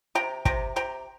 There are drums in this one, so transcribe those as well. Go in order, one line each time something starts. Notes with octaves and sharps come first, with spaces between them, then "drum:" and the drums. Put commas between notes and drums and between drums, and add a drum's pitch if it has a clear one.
C3 G5 A#5
C3 G5 A#5, drum: kick
C3 G5 A#5